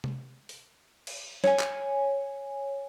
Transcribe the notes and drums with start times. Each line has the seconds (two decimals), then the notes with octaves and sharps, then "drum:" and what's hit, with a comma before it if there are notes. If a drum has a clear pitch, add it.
0.04 drum: tom C3
0.49 drum: open hi-hat
1.07 drum: cymbal
1.44 C#5 G#5, drum: snare
1.59 drum: clap